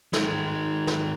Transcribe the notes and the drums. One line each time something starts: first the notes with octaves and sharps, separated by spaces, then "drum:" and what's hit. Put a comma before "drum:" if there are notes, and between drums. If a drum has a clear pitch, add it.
D#3 G#3, drum: snare
drum: snare